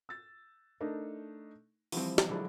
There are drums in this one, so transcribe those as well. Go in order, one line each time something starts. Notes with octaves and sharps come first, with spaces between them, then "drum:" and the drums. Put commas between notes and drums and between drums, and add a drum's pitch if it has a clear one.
E6 A6
A3 D4 D#4 A#4
E3 F3 G3 C4, drum: open hi-hat
drum: snare
D3 F3 F#3 G#3 D4 E4